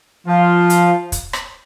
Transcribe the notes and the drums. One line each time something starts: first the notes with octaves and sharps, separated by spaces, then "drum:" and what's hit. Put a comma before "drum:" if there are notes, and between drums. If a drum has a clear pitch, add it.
F3 F4
drum: hi-hat
drum: kick, hi-hat
drum: rim click